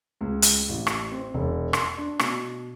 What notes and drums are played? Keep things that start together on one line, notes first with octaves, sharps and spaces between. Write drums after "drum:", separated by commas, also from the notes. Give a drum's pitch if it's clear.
C#2
drum: hi-hat
A1
drum: rim click
C4
E1
C6, drum: rim click
D4
B2, drum: rim click